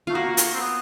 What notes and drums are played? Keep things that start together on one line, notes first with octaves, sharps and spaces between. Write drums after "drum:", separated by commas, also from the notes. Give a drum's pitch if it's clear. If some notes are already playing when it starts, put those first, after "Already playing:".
A3 F4
A#3 F#4
drum: hi-hat
C4
B3